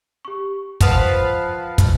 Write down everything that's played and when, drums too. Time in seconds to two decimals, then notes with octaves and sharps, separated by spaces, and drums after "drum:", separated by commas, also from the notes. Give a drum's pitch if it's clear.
0.25 G4 C#6
0.80 F3 B4 F5 F#5 A5 D#6, drum: kick, hi-hat
1.78 drum: kick, hi-hat